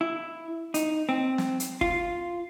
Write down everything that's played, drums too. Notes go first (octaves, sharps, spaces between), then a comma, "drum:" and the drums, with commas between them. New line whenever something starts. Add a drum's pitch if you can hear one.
E4
D#4, drum: hi-hat
C4
drum: snare
drum: hi-hat
F4, drum: kick